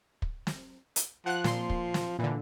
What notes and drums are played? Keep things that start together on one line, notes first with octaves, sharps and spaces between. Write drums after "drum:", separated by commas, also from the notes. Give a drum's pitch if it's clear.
drum: kick
drum: snare
drum: hi-hat
F3 F#5 F#6
A#2 C6, drum: snare
drum: kick
drum: snare
A#2 D3 E3